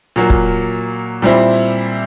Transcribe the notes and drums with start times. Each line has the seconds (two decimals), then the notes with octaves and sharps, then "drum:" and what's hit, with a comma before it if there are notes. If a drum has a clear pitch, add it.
0.16 A#2 F#3 A#3
0.30 drum: kick
1.22 A#2 G3 C4 E4